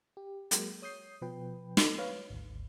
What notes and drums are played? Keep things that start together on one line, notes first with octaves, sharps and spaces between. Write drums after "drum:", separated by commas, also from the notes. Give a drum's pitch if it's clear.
G4
F#3 G#3 A#3, drum: hi-hat
C#5 D#6 G6 C7
B2 F3 B4 G5
drum: snare
B4 C#5 F5
G#1 D2